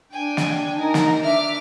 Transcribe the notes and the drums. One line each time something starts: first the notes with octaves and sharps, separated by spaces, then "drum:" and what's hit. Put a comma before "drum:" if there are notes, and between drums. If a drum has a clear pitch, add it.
D4 G5 G#5
drum: snare
D#4 A#4
drum: snare
D4 E5 D6 F6